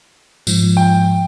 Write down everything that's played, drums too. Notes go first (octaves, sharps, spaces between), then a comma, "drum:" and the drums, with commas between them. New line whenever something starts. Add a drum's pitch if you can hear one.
G#2 F3, drum: tambourine
G5